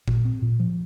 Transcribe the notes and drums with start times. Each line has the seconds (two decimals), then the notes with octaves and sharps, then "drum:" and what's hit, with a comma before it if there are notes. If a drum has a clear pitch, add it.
0.08 A#2, drum: kick G1
0.25 C4
0.42 A#2
0.60 F3